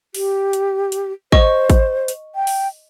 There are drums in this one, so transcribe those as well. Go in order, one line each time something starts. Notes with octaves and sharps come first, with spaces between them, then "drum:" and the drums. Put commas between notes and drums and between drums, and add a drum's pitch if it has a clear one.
G4, drum: open hi-hat
drum: hi-hat
drum: hi-hat
C5 D#5 C#6, drum: kick
drum: kick, hi-hat
drum: hi-hat
G5
drum: open hi-hat